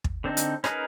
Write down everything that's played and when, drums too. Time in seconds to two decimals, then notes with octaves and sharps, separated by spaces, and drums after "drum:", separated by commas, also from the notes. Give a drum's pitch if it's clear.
0.04 drum: kick
0.24 D3 C4 D4 D#4
0.37 drum: hi-hat
0.64 C#4 D#4 G#4 A#4 B4, drum: rim click